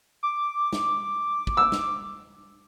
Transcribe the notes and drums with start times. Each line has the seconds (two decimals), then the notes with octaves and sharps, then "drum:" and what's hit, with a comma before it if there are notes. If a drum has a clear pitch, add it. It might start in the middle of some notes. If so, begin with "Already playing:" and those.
0.23 D6
0.73 drum: snare
1.47 drum: kick
1.57 E6
1.72 drum: snare